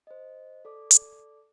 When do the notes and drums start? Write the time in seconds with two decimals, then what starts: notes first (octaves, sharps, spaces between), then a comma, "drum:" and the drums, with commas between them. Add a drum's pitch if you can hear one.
0.07 C5 D#5
0.65 A4 D5 D6
0.91 drum: hi-hat